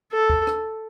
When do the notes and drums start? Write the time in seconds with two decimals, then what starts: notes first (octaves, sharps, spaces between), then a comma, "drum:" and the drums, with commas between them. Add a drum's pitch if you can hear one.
0.12 A4
0.30 drum: kick
0.47 drum: rim click